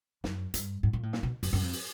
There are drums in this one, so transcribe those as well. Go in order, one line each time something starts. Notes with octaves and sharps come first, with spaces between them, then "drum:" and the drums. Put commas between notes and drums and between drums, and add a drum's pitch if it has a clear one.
F#2, drum: snare
G2, drum: hi-hat
G#2
A#2
A2
A#2, drum: snare
B2
F#2, drum: open hi-hat
F#2
F2
drum: open hi-hat